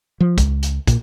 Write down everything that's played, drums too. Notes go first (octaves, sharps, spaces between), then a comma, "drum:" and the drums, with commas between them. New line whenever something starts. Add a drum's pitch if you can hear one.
F3
C#2, drum: kick, hi-hat
drum: hi-hat
A#2, drum: kick, hi-hat